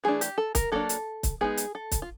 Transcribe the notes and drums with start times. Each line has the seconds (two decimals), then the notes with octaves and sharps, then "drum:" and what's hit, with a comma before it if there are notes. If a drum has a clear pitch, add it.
0.04 E3 A3 D4 G#4
0.21 G4, drum: hi-hat
0.38 A4
0.55 A#4, drum: kick, hi-hat
0.72 F#3 A#3 D4 A4
0.89 drum: hi-hat
1.23 drum: kick, hi-hat
1.41 G#3 B3 D#4 G#4
1.57 drum: hi-hat
1.75 A4
1.91 drum: kick, hi-hat
2.02 F4